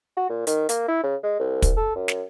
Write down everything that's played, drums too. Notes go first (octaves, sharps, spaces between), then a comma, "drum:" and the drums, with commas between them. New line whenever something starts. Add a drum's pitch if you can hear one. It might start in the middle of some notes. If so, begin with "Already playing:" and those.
F#4
A#2
D#3, drum: hi-hat
A#3, drum: hi-hat
E4
C#3
G#3
C2
drum: kick, hi-hat
A4
F#2
drum: snare